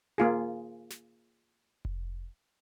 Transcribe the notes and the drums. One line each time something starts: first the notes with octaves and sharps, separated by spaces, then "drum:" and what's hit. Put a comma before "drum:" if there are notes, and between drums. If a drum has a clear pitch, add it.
A#3 F4 G#4
drum: snare
drum: kick F1